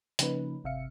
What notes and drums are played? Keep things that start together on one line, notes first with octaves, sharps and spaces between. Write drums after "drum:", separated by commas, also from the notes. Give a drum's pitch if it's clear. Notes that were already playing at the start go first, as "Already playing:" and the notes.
C#3 F3 A#3 C#4 D#4 B4, drum: hi-hat
G#1 C3 E5 F5 C#7